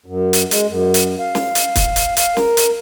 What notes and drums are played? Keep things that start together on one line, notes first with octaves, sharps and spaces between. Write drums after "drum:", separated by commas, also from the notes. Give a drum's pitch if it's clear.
F#2
drum: hi-hat
G#3, drum: hi-hat
F#2
drum: hi-hat
F5
drum: snare
drum: hi-hat
drum: kick, hi-hat
drum: hi-hat
F5, drum: hi-hat
A#4, drum: snare
drum: hi-hat